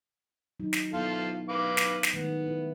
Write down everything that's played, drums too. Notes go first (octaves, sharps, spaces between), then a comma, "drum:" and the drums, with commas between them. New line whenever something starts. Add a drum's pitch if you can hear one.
F#3 D#4
drum: snare
B3 E4 F4 A4 F5
B4 F5 D6
drum: snare
drum: snare
D#3 G#3 A3 B3
E4 B4